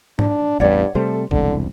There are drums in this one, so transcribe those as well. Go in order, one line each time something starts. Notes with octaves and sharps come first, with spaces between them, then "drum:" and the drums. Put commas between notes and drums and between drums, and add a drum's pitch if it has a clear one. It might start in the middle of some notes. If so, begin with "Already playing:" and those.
D4, drum: tom G#2
A1 E2 G2 G3 C#5 D5 F#5
C3 G3 A3 A4 C5
E1 C2 D3, drum: kick A1